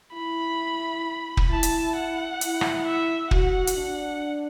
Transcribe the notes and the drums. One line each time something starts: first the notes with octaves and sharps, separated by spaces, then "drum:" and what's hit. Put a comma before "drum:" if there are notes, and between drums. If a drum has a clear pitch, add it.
E4 B5
drum: kick
E4 A5
drum: hi-hat
F#5
E4, drum: hi-hat
drum: rim click
E5
F#4 F#5, drum: kick
drum: hi-hat
D4